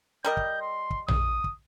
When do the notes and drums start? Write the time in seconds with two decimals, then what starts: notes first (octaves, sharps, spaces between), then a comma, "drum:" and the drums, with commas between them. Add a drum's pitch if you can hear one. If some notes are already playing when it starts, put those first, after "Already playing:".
0.25 G3 A#4 D#5 G6
0.37 drum: kick
0.62 C6
0.90 drum: kick
1.08 D#6, drum: tom A#1
1.44 drum: kick